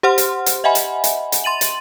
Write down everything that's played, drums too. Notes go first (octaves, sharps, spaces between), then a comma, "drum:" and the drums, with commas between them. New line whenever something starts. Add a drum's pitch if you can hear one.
G4 C5 F#5 C6 F6
drum: hi-hat
drum: hi-hat
D#5 E5 F#5 G#5 B5
drum: hi-hat
drum: hi-hat
drum: hi-hat
C6 A6 D#7 F#7
drum: hi-hat